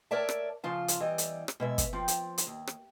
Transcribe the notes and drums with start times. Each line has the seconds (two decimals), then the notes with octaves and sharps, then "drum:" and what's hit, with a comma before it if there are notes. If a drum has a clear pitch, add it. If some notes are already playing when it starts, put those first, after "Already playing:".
0.11 A#4 C#5 D5 E5 A5
0.29 drum: rim click
0.63 C#3 F3 F4 A5
0.88 drum: hi-hat
1.00 E2 E3 G3 D#5
1.18 drum: hi-hat
1.48 drum: rim click
1.60 B2 G#3 E5
1.78 drum: kick, hi-hat
1.93 F3 C4
2.08 drum: hi-hat
2.38 drum: hi-hat
2.47 D#2
2.67 drum: rim click